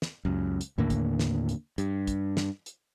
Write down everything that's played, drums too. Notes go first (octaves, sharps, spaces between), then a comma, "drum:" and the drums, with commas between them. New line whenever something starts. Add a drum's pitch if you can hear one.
drum: snare
C#2 F#2
drum: hi-hat
D#2 A2 D3 A#3
drum: kick, hi-hat
drum: snare
drum: hi-hat
G2, drum: hi-hat
drum: kick, hi-hat
drum: snare
drum: hi-hat